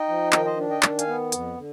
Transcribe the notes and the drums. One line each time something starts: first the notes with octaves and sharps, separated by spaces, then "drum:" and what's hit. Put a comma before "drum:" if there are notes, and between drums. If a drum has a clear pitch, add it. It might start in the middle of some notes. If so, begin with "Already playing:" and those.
Already playing: D#4 D#5 G5
F3
D#3 D#5 G5, drum: clap
C5 D#5
D4
D#5 G5
D#3, drum: clap
F5 G#5, drum: hi-hat
B3
F2, drum: hi-hat
D3